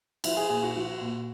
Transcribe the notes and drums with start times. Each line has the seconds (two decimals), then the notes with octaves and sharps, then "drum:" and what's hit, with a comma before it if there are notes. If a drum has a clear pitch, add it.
0.24 F3 E4, drum: cymbal
0.37 G#4
0.50 A#2 G#4
0.63 F#4
0.75 F3 F#4
1.01 A#2